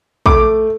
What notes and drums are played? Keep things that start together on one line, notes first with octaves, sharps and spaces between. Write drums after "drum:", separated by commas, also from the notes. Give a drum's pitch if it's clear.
A3 D6, drum: kick A#1